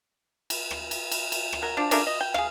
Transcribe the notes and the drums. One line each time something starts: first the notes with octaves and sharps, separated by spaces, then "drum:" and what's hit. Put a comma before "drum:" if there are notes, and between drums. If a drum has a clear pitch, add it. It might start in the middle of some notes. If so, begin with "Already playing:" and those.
drum: cymbal
drum: rim click
drum: cymbal
drum: cymbal
drum: cymbal
drum: rim click
F#3 A#4
F3 D4
C#3 A3 D4 A#4, drum: cymbal
D#5
G5
G#4 F5, drum: rim click